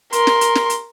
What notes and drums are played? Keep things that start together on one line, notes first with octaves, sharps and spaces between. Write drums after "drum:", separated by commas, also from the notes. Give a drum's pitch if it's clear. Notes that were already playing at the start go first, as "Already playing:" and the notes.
A#4 C6, drum: hi-hat
drum: snare
drum: hi-hat
drum: snare
drum: hi-hat